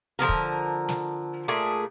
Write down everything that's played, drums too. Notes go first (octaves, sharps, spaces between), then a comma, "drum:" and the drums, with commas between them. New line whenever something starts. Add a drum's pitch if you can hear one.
D3 F3 B3 A#4
drum: kick
drum: snare
A#2 A3 D4 G#4